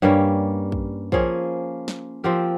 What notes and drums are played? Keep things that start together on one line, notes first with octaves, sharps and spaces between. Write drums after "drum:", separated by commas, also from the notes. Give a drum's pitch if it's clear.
G2 G3 A#3 C#4
drum: kick
F3 A#3 C#4 G#4, drum: kick
drum: snare
F3 C4 G4 A#4